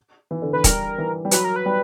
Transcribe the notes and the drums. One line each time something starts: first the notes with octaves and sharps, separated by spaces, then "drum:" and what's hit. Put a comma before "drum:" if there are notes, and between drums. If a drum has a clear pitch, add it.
E3
D3
E3 B4
G3 A#4, drum: kick, hi-hat
E3
G3
F#3 B4, drum: hi-hat
A#4
B4
G3